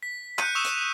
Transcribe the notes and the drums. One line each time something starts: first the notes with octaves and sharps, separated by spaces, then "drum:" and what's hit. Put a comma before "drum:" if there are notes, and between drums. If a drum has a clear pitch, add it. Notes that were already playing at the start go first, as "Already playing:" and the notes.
B6
F#6 G6 C#7 D#7, drum: clap
C#6 D#6 E6 E7 F7
drum: hi-hat